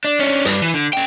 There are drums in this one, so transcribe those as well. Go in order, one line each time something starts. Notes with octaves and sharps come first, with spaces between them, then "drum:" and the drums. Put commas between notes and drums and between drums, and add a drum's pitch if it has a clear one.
D4
C#4 D4
G2, drum: hi-hat
E3
D3
C#4 G5